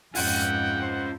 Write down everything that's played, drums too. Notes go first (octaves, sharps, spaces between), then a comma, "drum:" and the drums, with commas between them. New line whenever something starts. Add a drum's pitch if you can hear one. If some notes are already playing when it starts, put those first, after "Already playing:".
F2 G#2 C#4 F4 F#5 G5, drum: open hi-hat
C5